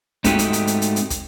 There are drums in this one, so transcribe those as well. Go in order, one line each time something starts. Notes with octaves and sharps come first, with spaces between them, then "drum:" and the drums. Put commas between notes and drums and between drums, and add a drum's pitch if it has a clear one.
G#2 A3 C4 D#4 F#4 G4, drum: kick, hi-hat
drum: hi-hat
drum: hi-hat
drum: hi-hat
drum: hi-hat
drum: hi-hat
drum: kick, hi-hat